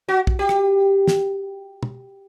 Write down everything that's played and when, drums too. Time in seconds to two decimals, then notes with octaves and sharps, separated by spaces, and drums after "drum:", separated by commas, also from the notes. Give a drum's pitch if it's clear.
0.08 F#4
0.27 drum: kick
0.39 G4
0.49 drum: rim click
1.08 drum: snare
1.83 drum: tom